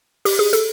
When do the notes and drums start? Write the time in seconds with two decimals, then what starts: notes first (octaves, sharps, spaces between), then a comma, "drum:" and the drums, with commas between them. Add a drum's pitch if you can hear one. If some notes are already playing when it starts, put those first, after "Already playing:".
0.25 G4, drum: open hi-hat
0.39 G#4
0.53 A4, drum: hi-hat